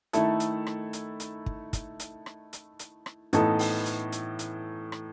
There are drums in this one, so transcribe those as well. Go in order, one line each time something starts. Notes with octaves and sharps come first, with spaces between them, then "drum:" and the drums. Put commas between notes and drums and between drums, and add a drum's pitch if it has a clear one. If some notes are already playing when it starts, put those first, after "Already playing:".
D#3 A3 E4 A4, drum: hi-hat
drum: hi-hat
drum: rim click
drum: hi-hat
drum: hi-hat
drum: kick
drum: kick, hi-hat
drum: hi-hat
drum: rim click
drum: hi-hat
drum: hi-hat
drum: rim click
A2 E3 B3 D#4 A4, drum: hi-hat
drum: open hi-hat
drum: hi-hat
drum: hi-hat
drum: hi-hat
drum: rim click